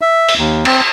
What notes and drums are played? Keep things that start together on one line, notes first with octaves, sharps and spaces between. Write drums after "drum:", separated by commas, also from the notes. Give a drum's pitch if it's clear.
E5
drum: open hi-hat
D#2
C4, drum: cymbal